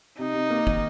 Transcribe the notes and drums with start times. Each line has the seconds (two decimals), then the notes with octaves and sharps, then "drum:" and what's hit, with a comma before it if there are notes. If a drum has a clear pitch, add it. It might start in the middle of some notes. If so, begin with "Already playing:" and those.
0.19 C3 D#4
0.34 C3
0.50 A#3
0.67 D#3, drum: kick